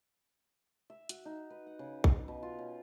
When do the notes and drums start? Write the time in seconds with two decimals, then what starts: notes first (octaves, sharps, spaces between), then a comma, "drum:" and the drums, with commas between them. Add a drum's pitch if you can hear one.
0.90 E5
1.09 F#4, drum: hi-hat
1.25 D#4
1.50 B4
1.66 F#5
1.79 C#3
2.04 drum: kick
2.28 B2
2.43 F4
2.59 C#4